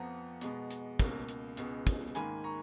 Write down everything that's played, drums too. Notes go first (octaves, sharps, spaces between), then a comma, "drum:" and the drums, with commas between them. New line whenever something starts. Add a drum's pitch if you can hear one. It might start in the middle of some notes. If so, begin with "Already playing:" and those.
Already playing: F2 F3 B3 F#5 A#5
B2 G#3 B3, drum: hi-hat
drum: hi-hat
C#2 B2 A#3, drum: kick, hi-hat
drum: hi-hat
C#2 B2 G#3 B3, drum: hi-hat
drum: kick, hi-hat
G#2 D#3 A#3 G#5 B5, drum: hi-hat
A#5 C#6